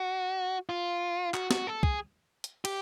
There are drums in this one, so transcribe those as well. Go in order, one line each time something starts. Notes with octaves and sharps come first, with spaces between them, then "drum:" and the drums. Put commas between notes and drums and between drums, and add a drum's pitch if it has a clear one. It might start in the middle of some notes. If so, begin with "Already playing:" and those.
Already playing: F#4
F4
F#4, drum: clap
F#4, drum: snare
A4
G#4, drum: kick
drum: hi-hat
G4, drum: cymbal